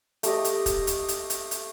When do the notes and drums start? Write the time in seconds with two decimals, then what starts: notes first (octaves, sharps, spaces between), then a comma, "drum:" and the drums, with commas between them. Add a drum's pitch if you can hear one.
0.23 A3 G4 D#5, drum: hi-hat
0.45 drum: hi-hat
0.66 drum: kick, hi-hat
0.87 drum: hi-hat
1.08 drum: hi-hat
1.30 drum: hi-hat
1.51 drum: hi-hat